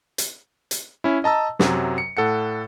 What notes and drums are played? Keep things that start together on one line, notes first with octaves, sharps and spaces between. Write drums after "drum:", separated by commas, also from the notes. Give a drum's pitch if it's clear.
drum: hi-hat
drum: hi-hat
C#4 E4
D#5 A5 A#5 E6
F#2 C3 F#3, drum: snare
C#7
A2 A4 F#5 C#7